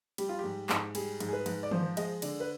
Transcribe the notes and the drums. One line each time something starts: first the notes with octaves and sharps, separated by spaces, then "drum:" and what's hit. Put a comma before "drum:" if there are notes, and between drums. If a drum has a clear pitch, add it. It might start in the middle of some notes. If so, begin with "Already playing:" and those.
G3 G4, drum: cymbal
F4
G#2 G4
G#2, drum: clap
G3 G#4, drum: cymbal
G#2, drum: cymbal
G#4
B4
G#2, drum: cymbal
D5
F3 C5, drum: tom D#3
G#3 D#5, drum: cymbal
D3 D5, drum: cymbal
B4